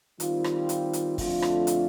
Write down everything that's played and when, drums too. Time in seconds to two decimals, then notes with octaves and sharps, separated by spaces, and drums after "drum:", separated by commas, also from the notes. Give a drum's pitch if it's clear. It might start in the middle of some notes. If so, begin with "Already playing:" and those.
0.20 D#3 G3 C4 F4, drum: hi-hat
0.44 drum: rim click
0.69 drum: hi-hat
0.93 drum: hi-hat
1.18 F2 D3 A3 D4 F4, drum: kick, open hi-hat
1.42 drum: rim click
1.67 drum: hi-hat